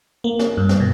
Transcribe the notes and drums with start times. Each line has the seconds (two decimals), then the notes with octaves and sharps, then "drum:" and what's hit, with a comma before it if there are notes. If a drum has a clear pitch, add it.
0.24 A#3
0.39 drum: snare
0.57 G2
0.69 drum: snare
0.80 B2